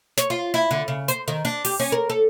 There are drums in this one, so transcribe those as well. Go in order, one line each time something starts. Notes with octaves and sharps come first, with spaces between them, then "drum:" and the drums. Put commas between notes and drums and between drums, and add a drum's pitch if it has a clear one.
C#5, drum: snare
F4
E4
D3
C#3
C5, drum: hi-hat
D#3
D4
G4, drum: open hi-hat
C#4
A#4
A4